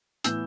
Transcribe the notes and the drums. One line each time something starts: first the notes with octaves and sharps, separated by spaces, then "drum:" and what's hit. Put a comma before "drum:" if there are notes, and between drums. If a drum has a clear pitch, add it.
A2 E3 B3 E6 G6, drum: hi-hat